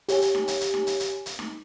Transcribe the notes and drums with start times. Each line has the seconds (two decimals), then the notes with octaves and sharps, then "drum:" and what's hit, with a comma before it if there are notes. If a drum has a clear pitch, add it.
0.09 G4 C#5 G#5, drum: hi-hat
0.22 drum: hi-hat
0.35 drum: snare D#4
0.48 drum: hi-hat
0.61 drum: hi-hat
0.74 drum: snare D#4
0.87 drum: hi-hat
1.00 drum: hi-hat
1.26 drum: hi-hat
1.39 drum: snare D#4